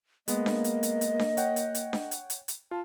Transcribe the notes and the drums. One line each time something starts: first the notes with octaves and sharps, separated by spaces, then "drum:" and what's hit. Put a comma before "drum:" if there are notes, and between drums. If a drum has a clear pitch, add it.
G#3 A#3 B3 D#5, drum: hi-hat
drum: snare D4
drum: hi-hat
drum: hi-hat
drum: hi-hat
drum: snare D4
C#5 F#5 G5, drum: hi-hat
drum: hi-hat
drum: hi-hat
drum: snare D4
drum: hi-hat
drum: hi-hat
drum: hi-hat
F4 A5